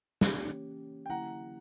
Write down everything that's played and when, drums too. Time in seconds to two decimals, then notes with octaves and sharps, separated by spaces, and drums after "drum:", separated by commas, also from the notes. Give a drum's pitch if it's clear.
0.21 E3 A#3 C#4 G4, drum: snare
1.06 G5
1.10 D3 F#3 A#3 E4 F#5 A#5